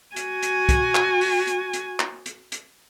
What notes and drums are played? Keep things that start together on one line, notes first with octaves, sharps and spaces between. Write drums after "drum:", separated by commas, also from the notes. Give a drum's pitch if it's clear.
F#4 G#5, drum: hi-hat
drum: hi-hat
drum: kick, hi-hat
drum: clap
drum: open hi-hat
drum: hi-hat
drum: hi-hat
drum: clap
drum: hi-hat
drum: hi-hat